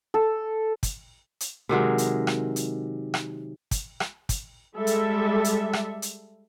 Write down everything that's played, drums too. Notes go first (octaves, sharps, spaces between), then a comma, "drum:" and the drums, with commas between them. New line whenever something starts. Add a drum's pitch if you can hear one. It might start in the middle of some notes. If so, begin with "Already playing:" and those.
A4
drum: kick, hi-hat
drum: hi-hat
C3 D#3 F#3 G#3
drum: hi-hat
drum: rim click
drum: hi-hat
drum: rim click
drum: kick, hi-hat
drum: rim click
drum: kick, hi-hat
G3 G#3 A4 E5
drum: hi-hat
drum: hi-hat
drum: rim click
drum: hi-hat